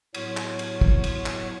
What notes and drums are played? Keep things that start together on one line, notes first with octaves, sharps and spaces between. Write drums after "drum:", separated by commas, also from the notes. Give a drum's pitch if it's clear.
A2 F#3 B3 F#4 C#5, drum: cymbal
drum: clap
drum: cymbal
drum: kick
drum: cymbal
drum: clap